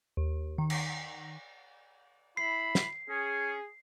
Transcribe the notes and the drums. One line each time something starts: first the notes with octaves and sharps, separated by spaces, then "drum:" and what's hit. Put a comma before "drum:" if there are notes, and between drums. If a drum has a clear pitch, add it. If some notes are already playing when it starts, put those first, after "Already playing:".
D#2
D#3
drum: cymbal
E4 B5 C7
drum: snare
C#4 G#4